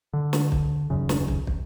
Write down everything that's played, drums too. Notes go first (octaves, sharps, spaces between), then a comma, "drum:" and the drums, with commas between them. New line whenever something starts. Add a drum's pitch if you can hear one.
D3
drum: snare
drum: kick
D#1 F#2 C#3
drum: snare
drum: kick
drum: kick